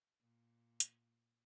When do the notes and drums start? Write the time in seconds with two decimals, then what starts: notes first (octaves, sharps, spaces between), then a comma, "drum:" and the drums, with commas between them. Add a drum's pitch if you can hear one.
0.21 A#2
0.80 drum: hi-hat